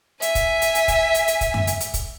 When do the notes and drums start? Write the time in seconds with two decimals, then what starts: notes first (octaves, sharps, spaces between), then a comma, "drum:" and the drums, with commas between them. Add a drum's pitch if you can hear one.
0.22 E5 G#5, drum: hi-hat
0.35 drum: kick, hi-hat
0.62 drum: hi-hat
0.75 drum: hi-hat
0.88 drum: kick, hi-hat
1.14 drum: hi-hat
1.28 drum: hi-hat
1.41 drum: kick, hi-hat
1.54 drum: tom F#2
1.67 drum: hi-hat
1.80 drum: hi-hat
1.94 drum: kick, hi-hat